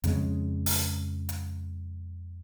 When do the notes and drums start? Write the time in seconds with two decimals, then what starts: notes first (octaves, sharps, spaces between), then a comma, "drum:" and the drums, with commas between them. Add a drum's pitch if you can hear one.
0.04 F2 C#3 G#3, drum: hi-hat
0.66 drum: open hi-hat
1.29 drum: hi-hat